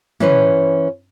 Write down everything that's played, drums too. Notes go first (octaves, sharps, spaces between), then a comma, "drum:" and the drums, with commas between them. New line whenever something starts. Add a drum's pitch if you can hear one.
E3 C#4 B4 C5, drum: tom